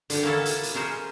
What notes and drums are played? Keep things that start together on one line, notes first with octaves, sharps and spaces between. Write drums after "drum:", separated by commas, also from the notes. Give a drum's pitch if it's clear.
D3 G4, drum: hi-hat
A#3 C#4 E4 A4
drum: hi-hat
drum: hi-hat
C#4 G#4 A#4 C5